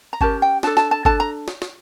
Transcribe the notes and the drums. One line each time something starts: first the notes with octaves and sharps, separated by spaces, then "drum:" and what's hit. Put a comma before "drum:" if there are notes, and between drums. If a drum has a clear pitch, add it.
A#5
C#4 G4 A#4 A5, drum: kick G1
G5
D4 A4 A5, drum: snare
A5, drum: snare
A5
D4 A4 A5, drum: kick G1
A#5
drum: snare
drum: snare